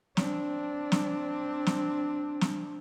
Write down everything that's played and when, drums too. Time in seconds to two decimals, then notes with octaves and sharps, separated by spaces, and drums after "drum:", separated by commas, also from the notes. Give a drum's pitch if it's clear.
0.17 C4 D4, drum: snare
0.92 drum: snare
1.66 drum: snare
2.41 drum: snare